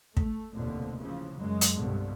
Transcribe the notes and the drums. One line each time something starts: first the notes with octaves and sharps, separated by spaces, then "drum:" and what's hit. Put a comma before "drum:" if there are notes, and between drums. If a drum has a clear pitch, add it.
A3, drum: kick
F1 D#2 B2 D3 F3
C#3 E3 F3
F#2 F#3 G#3
drum: hi-hat
C2 G2 B2 D3